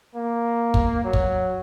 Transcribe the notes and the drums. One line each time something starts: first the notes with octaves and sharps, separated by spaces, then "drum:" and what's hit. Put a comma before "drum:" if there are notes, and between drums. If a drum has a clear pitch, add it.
A#3
drum: kick
F#3
drum: kick